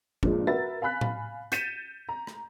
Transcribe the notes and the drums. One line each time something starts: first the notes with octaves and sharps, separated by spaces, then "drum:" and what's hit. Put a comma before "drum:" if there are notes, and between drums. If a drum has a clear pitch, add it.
G2 A#2 F3 G#3, drum: kick
F#4 A#4 B4 E5 A6
F5 G#5 B5 F#6 B6
drum: tom A2
G6 A6 B6 C#7 D#7 E7, drum: hi-hat
A#5
drum: rim click